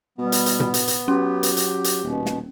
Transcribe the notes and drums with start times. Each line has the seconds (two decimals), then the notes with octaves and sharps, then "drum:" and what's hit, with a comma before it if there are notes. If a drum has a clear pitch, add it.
0.18 B2 G3 B3
0.32 drum: hi-hat
0.46 drum: hi-hat
0.60 drum: tom A#2
0.74 drum: hi-hat
0.88 drum: hi-hat
1.08 F#3 C#4 G4
1.43 drum: hi-hat
1.57 drum: hi-hat
1.84 drum: hi-hat
2.03 D#1 B2
2.26 drum: snare